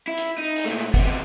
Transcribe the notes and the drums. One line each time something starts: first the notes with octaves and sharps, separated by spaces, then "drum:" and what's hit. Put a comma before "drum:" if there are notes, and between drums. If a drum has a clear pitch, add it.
E4
drum: hi-hat
D#4
drum: open hi-hat
A#2 A3
C3 B3, drum: kick, open hi-hat